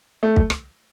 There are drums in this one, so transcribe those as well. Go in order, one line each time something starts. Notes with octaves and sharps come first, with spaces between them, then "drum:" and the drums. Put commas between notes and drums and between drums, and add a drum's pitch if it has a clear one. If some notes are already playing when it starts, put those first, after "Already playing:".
A3
drum: kick
drum: rim click